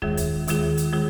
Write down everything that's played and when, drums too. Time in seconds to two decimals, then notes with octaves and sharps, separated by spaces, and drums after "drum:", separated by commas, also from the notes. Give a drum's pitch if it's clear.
0.02 D#2 D#3 G#3 F4 G#4, drum: kick
0.17 drum: kick, hi-hat
0.48 D#2 D#3 G#3 F4 G#4, drum: hi-hat
0.78 drum: hi-hat
0.93 D#3 G#3 F4 G#4